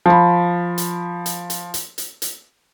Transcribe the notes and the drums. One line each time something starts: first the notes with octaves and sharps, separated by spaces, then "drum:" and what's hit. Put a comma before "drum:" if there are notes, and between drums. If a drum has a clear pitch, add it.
F3 B5
drum: hi-hat
drum: hi-hat
drum: hi-hat
drum: hi-hat
drum: hi-hat
drum: hi-hat